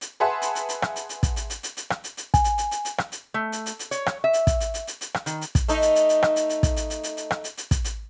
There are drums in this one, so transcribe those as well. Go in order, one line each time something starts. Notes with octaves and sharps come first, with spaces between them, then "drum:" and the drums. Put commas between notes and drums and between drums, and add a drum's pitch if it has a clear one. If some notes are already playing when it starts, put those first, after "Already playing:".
drum: hi-hat
G#4 B4 E5 F#5 A5 C6
drum: hi-hat
drum: hi-hat
drum: hi-hat
drum: rim click
drum: hi-hat
drum: hi-hat
drum: kick, hi-hat
drum: hi-hat
drum: hi-hat
drum: hi-hat
drum: hi-hat
drum: rim click
drum: hi-hat
drum: hi-hat
G#5, drum: kick, hi-hat
drum: hi-hat
drum: hi-hat
drum: hi-hat
drum: hi-hat
drum: rim click
drum: hi-hat
A3
drum: hi-hat
drum: hi-hat
drum: hi-hat
C#5, drum: hi-hat
drum: rim click
E5
drum: hi-hat
drum: kick, hi-hat
drum: hi-hat
drum: hi-hat
drum: hi-hat
drum: hi-hat
drum: rim click
D#3, drum: hi-hat
drum: hi-hat
drum: kick, hi-hat
A3 D#4, drum: hi-hat
drum: hi-hat
drum: hi-hat
drum: hi-hat
drum: rim click
drum: hi-hat
drum: hi-hat
drum: kick, hi-hat
drum: hi-hat
drum: hi-hat
drum: hi-hat
drum: hi-hat
drum: rim click
drum: hi-hat
drum: hi-hat
drum: kick, hi-hat
drum: hi-hat